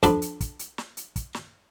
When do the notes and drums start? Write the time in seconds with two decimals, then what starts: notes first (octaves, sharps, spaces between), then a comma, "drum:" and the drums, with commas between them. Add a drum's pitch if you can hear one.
0.03 F2 D4 A4 B5, drum: kick, hi-hat
0.22 drum: hi-hat
0.41 drum: kick, hi-hat
0.59 drum: hi-hat
0.78 drum: snare
0.97 drum: hi-hat
1.16 drum: kick, hi-hat
1.34 drum: snare